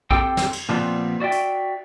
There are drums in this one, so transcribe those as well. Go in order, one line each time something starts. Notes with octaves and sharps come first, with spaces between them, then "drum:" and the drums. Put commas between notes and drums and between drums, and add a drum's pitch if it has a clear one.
C4 G4 A4 G5, drum: kick A#1
drum: snare
drum: cymbal
A#2 F3 G3 B3 C4
F#4 D5 E5 G5
drum: hi-hat